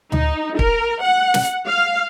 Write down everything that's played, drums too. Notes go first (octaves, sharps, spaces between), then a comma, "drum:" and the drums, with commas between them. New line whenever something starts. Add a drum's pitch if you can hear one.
D#4, drum: tom D2
A#4, drum: kick
F#5
drum: snare
F5